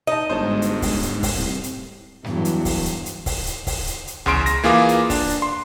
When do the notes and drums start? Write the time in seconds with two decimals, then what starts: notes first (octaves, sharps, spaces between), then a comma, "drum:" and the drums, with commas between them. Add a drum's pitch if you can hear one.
0.07 D#4 D#5 A5
0.29 G1 G#2 C5 C#5 A5
0.62 drum: hi-hat
0.82 drum: kick C#1, open hi-hat
1.02 drum: hi-hat
1.23 drum: kick C#1, open hi-hat
1.37 C2 A2
1.63 drum: hi-hat
2.24 E2 G2 F#3, drum: snare
2.45 drum: hi-hat
2.65 drum: kick C#1, open hi-hat
2.85 drum: hi-hat
3.06 drum: hi-hat
3.26 drum: kick C#1, open hi-hat
3.46 drum: hi-hat
3.67 drum: kick C#1, open hi-hat
3.87 drum: hi-hat
4.07 drum: hi-hat
4.26 E2 C#3 C6 D7, drum: tom C#2
4.46 A#6, drum: hi-hat
4.63 E3 A#3 F4 G#4 F5 D6
4.89 drum: hi-hat
5.10 D4, drum: kick C#1, open hi-hat
5.29 drum: hi-hat
5.42 C6